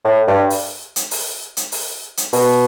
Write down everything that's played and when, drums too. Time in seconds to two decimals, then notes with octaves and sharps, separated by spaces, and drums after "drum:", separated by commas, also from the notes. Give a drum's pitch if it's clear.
0.05 A2
0.27 G2
0.50 drum: open hi-hat
0.96 drum: hi-hat
1.11 drum: open hi-hat
1.57 drum: hi-hat
1.72 drum: open hi-hat
2.17 drum: hi-hat
2.33 B2, drum: open hi-hat